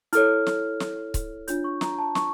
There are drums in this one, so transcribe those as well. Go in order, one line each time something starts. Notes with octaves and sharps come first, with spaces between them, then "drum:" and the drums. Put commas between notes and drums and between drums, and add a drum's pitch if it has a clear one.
E4 A4 C#5 F6, drum: hi-hat
drum: snare
drum: snare
drum: kick C#1, hi-hat
D4 F4 C#5 G6, drum: hi-hat
C#6
A#5, drum: snare
A5
C#6, drum: snare